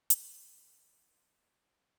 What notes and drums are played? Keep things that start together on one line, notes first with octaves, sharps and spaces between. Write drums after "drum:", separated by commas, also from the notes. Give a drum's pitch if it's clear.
drum: hi-hat
B4 C6 D6 F6 G6 G#6